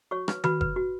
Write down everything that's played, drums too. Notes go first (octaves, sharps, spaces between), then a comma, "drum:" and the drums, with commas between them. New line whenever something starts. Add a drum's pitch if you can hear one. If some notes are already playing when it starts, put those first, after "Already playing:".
F#4 C#5 C#6
B4, drum: rim click
F#4 B4 B5, drum: tom D#3
B4, drum: kick F#1
F#4